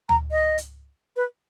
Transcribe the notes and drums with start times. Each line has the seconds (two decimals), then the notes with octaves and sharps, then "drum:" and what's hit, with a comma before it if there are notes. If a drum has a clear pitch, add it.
0.09 A#5, drum: tom D2
0.31 D#5
0.58 drum: hi-hat
1.16 B4